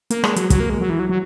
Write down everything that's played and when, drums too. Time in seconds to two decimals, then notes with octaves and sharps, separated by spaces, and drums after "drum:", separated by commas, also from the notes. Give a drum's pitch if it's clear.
0.10 A#3, drum: hi-hat
0.24 G#3, drum: rim click
0.36 F#3, drum: hi-hat
0.50 F#3, drum: kick, hi-hat
0.60 A#3
0.70 G#3
0.80 F#3
0.90 E3
0.99 F#3
1.09 F#3